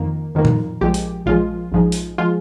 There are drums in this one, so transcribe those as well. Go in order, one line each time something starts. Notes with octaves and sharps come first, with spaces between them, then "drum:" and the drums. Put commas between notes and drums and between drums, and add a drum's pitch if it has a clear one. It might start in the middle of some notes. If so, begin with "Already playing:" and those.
Already playing: F2 D#3 A#3
F2 D#3 A#3
drum: tom A#2
A#1 A#2 F3 G#3 G4
drum: open hi-hat
A#1 A#2 F3 G#3 F4
A#1 G#2 F3 G#3
drum: open hi-hat
F3 G#3 F4